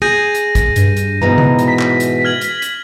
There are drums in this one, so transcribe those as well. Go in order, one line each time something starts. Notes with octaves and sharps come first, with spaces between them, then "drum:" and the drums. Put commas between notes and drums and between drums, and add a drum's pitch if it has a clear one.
G#4 G6 A#6 D#7
drum: hi-hat
drum: kick, hi-hat
G2, drum: hi-hat
drum: hi-hat
G#2 B2 E3 A#5
drum: tom C3
drum: hi-hat
B6
drum: clap
drum: hi-hat
F6 G#6 F#7
drum: hi-hat
drum: hi-hat